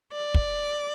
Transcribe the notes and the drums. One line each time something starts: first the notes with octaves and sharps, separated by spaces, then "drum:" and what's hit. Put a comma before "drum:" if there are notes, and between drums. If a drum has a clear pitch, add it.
D5
drum: kick